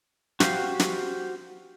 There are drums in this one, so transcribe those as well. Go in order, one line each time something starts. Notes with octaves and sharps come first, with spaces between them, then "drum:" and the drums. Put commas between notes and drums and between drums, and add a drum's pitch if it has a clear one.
F#4 G4 C5 F5, drum: snare
drum: snare